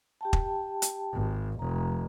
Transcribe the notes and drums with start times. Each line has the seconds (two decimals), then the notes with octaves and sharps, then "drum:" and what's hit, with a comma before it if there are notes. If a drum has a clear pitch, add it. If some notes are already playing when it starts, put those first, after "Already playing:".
0.21 G4 G5 A5
0.33 drum: kick
0.82 drum: hi-hat
1.13 G#1
1.59 F1 A#5